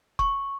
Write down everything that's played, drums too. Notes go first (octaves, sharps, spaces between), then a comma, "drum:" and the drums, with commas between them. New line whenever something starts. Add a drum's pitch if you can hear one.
C#6, drum: kick